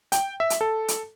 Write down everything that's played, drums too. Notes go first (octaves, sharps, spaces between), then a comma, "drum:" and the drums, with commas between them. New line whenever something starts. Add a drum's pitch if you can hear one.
G5, drum: hi-hat
E5
drum: hi-hat
A4
drum: hi-hat